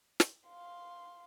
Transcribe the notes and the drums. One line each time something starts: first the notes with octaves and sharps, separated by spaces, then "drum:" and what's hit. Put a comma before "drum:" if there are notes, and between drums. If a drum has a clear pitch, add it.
drum: snare
F5 C6